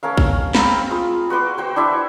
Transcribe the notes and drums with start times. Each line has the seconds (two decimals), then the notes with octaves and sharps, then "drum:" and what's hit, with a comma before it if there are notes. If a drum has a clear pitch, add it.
0.03 A3 C#4 A#4 F5
0.17 drum: kick A#1
0.55 C4 F5 A#5 B5, drum: snare
0.90 F4 G#4
1.30 F#4 B4 C6 D6
1.58 F#4 C5 G5
1.76 D4 E4 E5 C6